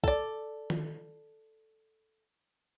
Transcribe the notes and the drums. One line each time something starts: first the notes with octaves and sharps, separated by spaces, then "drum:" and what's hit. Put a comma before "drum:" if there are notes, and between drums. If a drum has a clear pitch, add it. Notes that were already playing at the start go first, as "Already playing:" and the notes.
A4 D5, drum: kick
drum: tom D#3